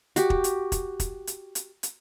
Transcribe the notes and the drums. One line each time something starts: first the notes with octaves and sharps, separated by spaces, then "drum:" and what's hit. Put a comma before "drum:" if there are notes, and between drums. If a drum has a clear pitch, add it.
F#4 G4, drum: hi-hat
drum: kick
drum: hi-hat
drum: kick, hi-hat
drum: kick, hi-hat
drum: hi-hat
drum: hi-hat
drum: hi-hat